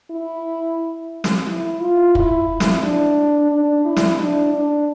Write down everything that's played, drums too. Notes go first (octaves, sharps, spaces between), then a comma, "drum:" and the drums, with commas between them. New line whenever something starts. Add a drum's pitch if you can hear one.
E4
drum: snare
E4
F4
E4, drum: kick
drum: snare
D4
D4
E4
drum: snare
D4
D4